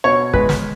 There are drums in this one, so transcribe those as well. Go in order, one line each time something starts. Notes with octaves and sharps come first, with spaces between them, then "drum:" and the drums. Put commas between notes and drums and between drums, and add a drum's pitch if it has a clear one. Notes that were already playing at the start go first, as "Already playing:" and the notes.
B2 C#5
G#3 B4, drum: kick
drum: snare